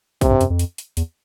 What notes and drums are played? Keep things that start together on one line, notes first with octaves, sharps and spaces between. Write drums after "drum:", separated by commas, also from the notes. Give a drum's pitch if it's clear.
C3, drum: kick, hi-hat
G2
F#2, drum: hi-hat
F2
drum: hi-hat
drum: hi-hat
E2, drum: hi-hat